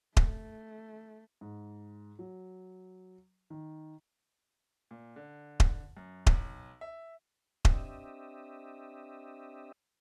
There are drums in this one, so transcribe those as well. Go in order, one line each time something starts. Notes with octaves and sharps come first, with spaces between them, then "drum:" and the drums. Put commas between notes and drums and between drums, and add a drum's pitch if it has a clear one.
A3, drum: kick D#1
G#2
F#3
D#3
A#2
D3
drum: kick D#1
F#2
B1, drum: kick D#1
E5
C4 D4 G4 D#5 E5, drum: kick D#1